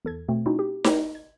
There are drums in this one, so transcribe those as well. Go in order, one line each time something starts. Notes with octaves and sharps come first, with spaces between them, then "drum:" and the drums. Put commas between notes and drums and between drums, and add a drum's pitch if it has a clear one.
E2 A4 G#6
B2 A3 C4
C4 C#4 D#4 E4 F#4
G4
C#5 G5 A#5, drum: snare D#4
G#6